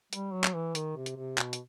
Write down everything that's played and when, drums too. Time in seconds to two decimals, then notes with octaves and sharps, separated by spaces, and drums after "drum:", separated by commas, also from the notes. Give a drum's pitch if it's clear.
0.13 G3, drum: hi-hat
0.33 F#3
0.44 drum: clap
0.55 E3
0.75 D#3, drum: hi-hat
0.96 C3
1.06 drum: hi-hat
1.16 C3
1.38 B2, drum: clap
1.53 drum: hi-hat